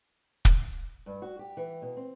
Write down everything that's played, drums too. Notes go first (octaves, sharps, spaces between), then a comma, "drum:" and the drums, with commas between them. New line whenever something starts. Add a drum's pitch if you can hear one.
drum: kick
G2
F#4
G4
E3
B2
C4